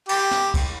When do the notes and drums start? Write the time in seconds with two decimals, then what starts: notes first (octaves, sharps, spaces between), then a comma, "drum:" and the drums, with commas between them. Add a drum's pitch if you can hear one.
0.09 G4, drum: cymbal
0.31 drum: snare
0.54 drum: kick, cymbal